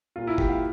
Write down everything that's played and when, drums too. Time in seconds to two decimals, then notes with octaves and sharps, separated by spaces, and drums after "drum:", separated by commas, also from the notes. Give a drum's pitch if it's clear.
0.16 A#2 G3 A#3 F4
0.27 E4
0.38 G4, drum: kick
0.49 F5